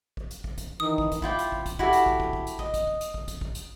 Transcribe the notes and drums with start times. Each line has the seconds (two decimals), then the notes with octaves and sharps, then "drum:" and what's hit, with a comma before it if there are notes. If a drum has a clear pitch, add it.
0.17 drum: kick
0.31 drum: hi-hat
0.44 drum: kick
0.58 drum: kick, hi-hat
0.80 D#3 E3 D#4 D#6
0.98 drum: kick
1.12 drum: kick, hi-hat
1.22 E4 F4 G5 D6, drum: kick
1.39 drum: hi-hat
1.52 drum: kick
1.66 drum: kick, hi-hat
1.79 E4 F#4 G4 A4, drum: kick
1.93 drum: hi-hat
2.06 drum: kick
2.20 drum: kick
2.33 drum: kick
2.47 drum: hi-hat
2.59 D#5, drum: kick
2.74 drum: kick, hi-hat
2.87 drum: kick
3.01 drum: hi-hat
3.14 drum: kick
3.28 drum: kick, hi-hat
3.41 drum: kick
3.55 drum: hi-hat